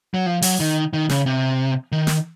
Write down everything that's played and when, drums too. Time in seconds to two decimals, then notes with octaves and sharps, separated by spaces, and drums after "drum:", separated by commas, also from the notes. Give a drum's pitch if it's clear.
0.14 F#3
0.26 F3
0.42 F#3, drum: open hi-hat
0.60 D#3
0.93 D#3
1.09 C#3, drum: snare
1.26 C3
1.92 D#3
2.07 drum: snare